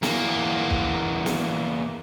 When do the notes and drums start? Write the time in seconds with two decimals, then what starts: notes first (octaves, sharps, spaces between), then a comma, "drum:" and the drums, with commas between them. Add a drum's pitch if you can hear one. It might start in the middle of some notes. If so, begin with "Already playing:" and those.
0.03 E2 A#3, drum: snare
0.70 drum: kick
1.26 drum: snare